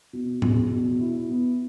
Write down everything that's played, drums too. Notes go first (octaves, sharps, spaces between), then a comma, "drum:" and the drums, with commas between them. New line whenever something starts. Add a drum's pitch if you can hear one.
B2
E2, drum: tom A2
B2
E4
B3